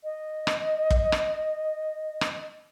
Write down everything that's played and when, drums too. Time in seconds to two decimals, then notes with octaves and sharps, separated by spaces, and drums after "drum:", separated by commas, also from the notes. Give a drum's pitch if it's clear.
0.04 D#5
0.47 drum: rim click
0.90 drum: kick
1.12 drum: rim click
2.21 drum: rim click